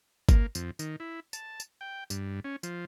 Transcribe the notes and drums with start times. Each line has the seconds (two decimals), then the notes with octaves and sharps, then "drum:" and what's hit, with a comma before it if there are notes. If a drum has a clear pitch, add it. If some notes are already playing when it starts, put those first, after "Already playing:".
0.29 A#3, drum: kick G1, tambourine
0.55 F2, drum: tambourine
0.79 D#3, drum: tambourine
1.00 E4
1.33 A5, drum: tambourine
1.60 drum: tambourine
1.81 G5
2.10 G2, drum: tambourine
2.45 C#4
2.63 F3, drum: tambourine